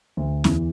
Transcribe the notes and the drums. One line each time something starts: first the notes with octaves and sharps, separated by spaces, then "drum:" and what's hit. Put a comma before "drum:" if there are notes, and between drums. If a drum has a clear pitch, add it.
D2 D3
E2 E3, drum: snare